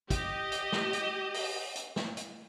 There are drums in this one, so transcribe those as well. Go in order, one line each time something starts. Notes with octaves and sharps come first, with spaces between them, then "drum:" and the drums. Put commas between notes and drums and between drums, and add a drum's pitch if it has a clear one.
G4 D#5, drum: kick, hi-hat
drum: hi-hat
drum: snare
drum: hi-hat
drum: open hi-hat
drum: hi-hat
drum: snare
drum: hi-hat